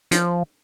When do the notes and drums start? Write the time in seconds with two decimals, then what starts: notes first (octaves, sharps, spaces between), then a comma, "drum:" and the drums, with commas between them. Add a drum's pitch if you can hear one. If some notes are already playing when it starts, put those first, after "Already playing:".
0.11 F3, drum: hi-hat